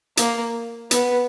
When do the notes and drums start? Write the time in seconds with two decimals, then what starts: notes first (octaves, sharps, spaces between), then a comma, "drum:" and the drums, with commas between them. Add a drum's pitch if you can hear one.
0.17 A#3, drum: hi-hat
0.91 B3, drum: hi-hat